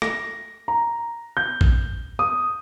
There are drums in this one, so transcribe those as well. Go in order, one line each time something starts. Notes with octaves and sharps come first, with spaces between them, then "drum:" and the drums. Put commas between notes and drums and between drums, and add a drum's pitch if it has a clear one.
A#6, drum: rim click
A#5
G6
drum: kick A#1
D#6